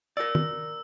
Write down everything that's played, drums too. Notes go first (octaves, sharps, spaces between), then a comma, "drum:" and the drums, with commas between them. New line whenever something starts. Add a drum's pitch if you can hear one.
A#4 D5 E6
drum: tom